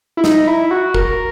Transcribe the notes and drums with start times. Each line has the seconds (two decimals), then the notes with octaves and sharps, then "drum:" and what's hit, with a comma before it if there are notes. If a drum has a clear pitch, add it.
0.17 E4
0.24 D#4, drum: snare
0.47 E4
0.71 F#4
0.94 A#4, drum: kick